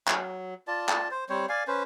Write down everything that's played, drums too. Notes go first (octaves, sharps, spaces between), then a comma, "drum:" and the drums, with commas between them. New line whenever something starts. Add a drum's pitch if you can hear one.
F#3, drum: clap
F4 D5 A5
drum: clap
C5
G3 C4 C5 C#5
D5 F5 G#5
C#4 B4 C5